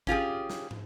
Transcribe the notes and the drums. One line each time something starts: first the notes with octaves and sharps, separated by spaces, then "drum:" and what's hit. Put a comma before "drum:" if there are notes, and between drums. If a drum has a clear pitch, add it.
C#4 F4 G4 G#4, drum: kick
drum: snare
drum: tom